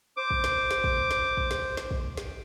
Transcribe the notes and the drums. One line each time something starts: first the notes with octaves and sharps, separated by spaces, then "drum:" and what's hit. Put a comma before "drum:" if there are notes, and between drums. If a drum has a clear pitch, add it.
C5 D6
drum: kick
drum: snare
drum: snare
drum: kick
drum: snare
drum: kick
drum: snare
drum: snare
drum: kick
drum: snare